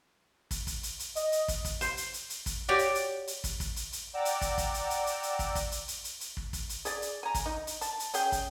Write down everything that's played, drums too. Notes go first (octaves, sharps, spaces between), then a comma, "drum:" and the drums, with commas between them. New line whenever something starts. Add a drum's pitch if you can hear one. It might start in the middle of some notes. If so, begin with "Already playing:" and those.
drum: kick, hi-hat
drum: kick, hi-hat
drum: hi-hat
drum: hi-hat
D#5, drum: hi-hat
drum: hi-hat
drum: kick, hi-hat
drum: kick, hi-hat
C5, drum: hi-hat
drum: hi-hat
drum: hi-hat
drum: hi-hat
drum: kick, hi-hat
F#4 G4 C#5 D5
drum: hi-hat
drum: hi-hat
drum: hi-hat
drum: kick, hi-hat
drum: kick, hi-hat
drum: hi-hat
drum: hi-hat
D5 F#5 G5 A#5 D6 E6
drum: hi-hat
drum: kick, hi-hat
drum: kick, hi-hat
drum: hi-hat
drum: hi-hat
drum: hi-hat
drum: hi-hat
drum: kick, hi-hat
drum: kick, hi-hat
drum: hi-hat
drum: hi-hat
drum: hi-hat
drum: hi-hat
drum: kick
drum: kick, hi-hat
drum: hi-hat
G#4 D5, drum: hi-hat
drum: hi-hat
G#5 A#5
drum: kick, hi-hat
D#4
drum: hi-hat
A5, drum: hi-hat
drum: hi-hat
C#4 G#4 G5, drum: hi-hat
drum: kick, hi-hat